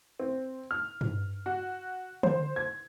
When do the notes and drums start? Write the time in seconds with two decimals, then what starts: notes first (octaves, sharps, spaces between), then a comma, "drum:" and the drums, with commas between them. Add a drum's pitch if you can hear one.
0.19 C4
0.71 F6
1.01 drum: tom G2
1.46 F#4
2.23 C5, drum: tom D3
2.56 G#6